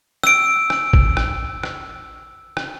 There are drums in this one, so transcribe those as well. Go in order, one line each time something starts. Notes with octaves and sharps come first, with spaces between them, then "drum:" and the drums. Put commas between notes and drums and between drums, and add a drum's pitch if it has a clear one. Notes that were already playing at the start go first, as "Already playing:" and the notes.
E6 D7, drum: rim click
drum: rim click
drum: kick
drum: rim click
drum: rim click
drum: rim click